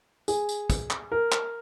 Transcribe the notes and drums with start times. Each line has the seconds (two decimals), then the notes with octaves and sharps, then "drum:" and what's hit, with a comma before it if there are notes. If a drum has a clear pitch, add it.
0.28 G#4, drum: tambourine
0.49 drum: tambourine
0.70 drum: kick, tambourine
0.90 drum: clap
1.12 A#4
1.32 drum: clap